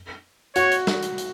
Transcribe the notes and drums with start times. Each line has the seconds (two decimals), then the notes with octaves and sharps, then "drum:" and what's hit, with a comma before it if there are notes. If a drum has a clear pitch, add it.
0.56 F#4 C#5, drum: hi-hat
0.72 drum: hi-hat
0.87 drum: snare
1.03 drum: hi-hat
1.18 drum: hi-hat